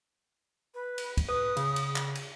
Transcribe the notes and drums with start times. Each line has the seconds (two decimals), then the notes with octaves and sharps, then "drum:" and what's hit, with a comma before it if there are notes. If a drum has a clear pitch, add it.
0.74 B4
0.98 drum: cymbal
1.17 drum: kick C2, cymbal
1.29 B4 D#6
1.57 C#3, drum: cymbal
1.76 drum: cymbal
1.96 drum: clap
2.15 drum: cymbal